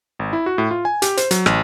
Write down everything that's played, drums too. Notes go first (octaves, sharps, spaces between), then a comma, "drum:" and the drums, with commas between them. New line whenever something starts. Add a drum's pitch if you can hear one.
G#1
E4
F#4
A2
F4
G#5
G4, drum: hi-hat
C5, drum: hi-hat
F#3, drum: hi-hat
A1, drum: rim click